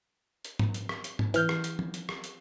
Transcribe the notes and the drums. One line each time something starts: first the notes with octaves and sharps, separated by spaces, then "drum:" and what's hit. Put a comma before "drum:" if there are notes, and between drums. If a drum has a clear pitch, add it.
drum: hi-hat
drum: tom G#2
drum: hi-hat
drum: rim click
drum: hi-hat
drum: tom G#2
E3 F6 G6, drum: hi-hat
drum: rim click
drum: hi-hat
drum: tom
drum: hi-hat
drum: rim click
drum: hi-hat